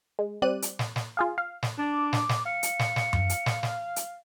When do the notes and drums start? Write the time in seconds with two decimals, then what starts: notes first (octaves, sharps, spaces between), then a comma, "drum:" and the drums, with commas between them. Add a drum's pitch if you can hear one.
0.19 G#3
0.42 G3 C4 D5 F#6 D#7
0.62 drum: hi-hat
0.79 drum: snare
0.96 drum: snare
1.17 F4 G#4 F5
1.38 F5
1.63 drum: snare
1.78 D4 D6
2.13 drum: snare
2.29 drum: snare
2.46 F5 C#7
2.63 drum: hi-hat
2.79 drum: snare
2.96 drum: snare
3.13 drum: tom F#2
3.29 drum: hi-hat
3.46 drum: snare
3.63 drum: snare
3.96 drum: hi-hat